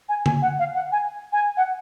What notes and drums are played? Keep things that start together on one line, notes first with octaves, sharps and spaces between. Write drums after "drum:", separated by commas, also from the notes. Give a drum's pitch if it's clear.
G#5
G#5, drum: tom D3
F#5
F5
F#5
G#5
G#5
F#5